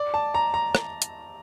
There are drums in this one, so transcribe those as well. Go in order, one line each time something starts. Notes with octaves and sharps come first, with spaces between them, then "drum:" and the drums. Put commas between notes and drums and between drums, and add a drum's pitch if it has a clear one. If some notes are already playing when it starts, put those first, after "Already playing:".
Already playing: D5
A5
A#5
A#5
drum: rim click
drum: hi-hat